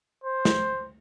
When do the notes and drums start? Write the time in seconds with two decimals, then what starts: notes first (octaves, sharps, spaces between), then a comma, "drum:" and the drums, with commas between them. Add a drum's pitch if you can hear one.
0.24 C5
0.45 drum: snare